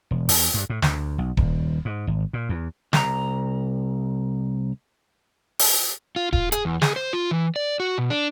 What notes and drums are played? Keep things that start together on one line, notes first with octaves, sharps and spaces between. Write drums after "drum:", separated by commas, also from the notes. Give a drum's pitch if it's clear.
E1
E2, drum: open hi-hat
G2
A2
D2, drum: snare
B1
D#1, drum: kick D#1
G#2
G#1
A#2
E2
C2 A#5, drum: snare
drum: open hi-hat
F4
F4, drum: kick D#1
G#4, drum: hi-hat
E2
G#4, drum: snare
C5
F4
E3
D5
F#4
B2
D4